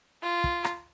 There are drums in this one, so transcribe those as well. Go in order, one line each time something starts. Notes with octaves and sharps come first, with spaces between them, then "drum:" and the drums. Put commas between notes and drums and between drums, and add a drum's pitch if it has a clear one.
F4
drum: kick
drum: rim click